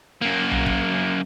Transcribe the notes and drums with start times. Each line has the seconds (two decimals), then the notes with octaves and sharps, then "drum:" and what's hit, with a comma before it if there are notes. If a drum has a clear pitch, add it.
0.22 F#2 A#3
0.51 drum: tom B1
0.66 drum: kick